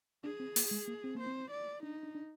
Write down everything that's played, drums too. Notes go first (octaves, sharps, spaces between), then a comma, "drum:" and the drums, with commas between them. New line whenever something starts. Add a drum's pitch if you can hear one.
D4 G#4
C4
A#3, drum: open hi-hat
G#3
A#3
C4
A#3 C5
C4
D5
D4 D#4
D4
D4